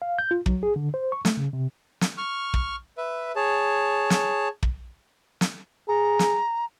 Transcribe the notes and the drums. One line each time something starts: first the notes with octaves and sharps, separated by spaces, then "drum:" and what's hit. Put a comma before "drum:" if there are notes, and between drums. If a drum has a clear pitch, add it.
F5
G6
F4
F#3, drum: kick
G#4
D3
C5
C#6
A3, drum: snare
C#3
C3
drum: snare
C#6 F6
drum: kick
B4 E5
G#4 C#5 A5
drum: snare
drum: kick
drum: snare
G#4 A#5
drum: snare